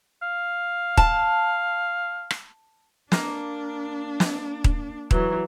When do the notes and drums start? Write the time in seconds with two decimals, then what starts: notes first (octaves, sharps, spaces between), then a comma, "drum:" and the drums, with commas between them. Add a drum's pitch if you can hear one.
0.22 F5
0.97 A5, drum: kick D#1
2.31 drum: rim click
3.12 A#3 D4, drum: snare
4.20 drum: snare
4.64 drum: kick D#1
5.11 E3 F#3 B4 A#5, drum: kick D#1